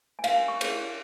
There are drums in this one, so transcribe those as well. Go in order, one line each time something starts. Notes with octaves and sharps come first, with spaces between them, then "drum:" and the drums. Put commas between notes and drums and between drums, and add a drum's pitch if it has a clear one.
G#5
F5, drum: cymbal
G#5
C#6
C#4 G#4 C#5, drum: cymbal